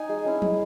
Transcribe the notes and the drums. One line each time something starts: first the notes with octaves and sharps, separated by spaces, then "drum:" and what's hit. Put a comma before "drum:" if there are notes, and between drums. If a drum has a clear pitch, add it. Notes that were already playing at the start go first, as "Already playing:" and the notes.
Already playing: D#4 G#5
G#3
C#4 E4
G#3, drum: tom